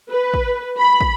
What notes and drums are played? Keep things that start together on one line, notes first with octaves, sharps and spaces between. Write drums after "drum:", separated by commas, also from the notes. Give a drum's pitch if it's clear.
B4
drum: kick
B5
drum: kick